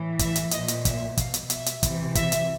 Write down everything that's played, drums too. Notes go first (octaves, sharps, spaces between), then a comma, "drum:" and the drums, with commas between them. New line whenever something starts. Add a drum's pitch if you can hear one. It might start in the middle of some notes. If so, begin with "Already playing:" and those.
Already playing: A2 E3
E5, drum: kick, hi-hat
drum: hi-hat
A#2 F3 D#5, drum: hi-hat
drum: hi-hat
E5, drum: kick, hi-hat
B2 F5, drum: kick, hi-hat
drum: hi-hat
E5, drum: hi-hat
drum: hi-hat
C3 E3, drum: kick, hi-hat
E5, drum: kick, hi-hat
drum: hi-hat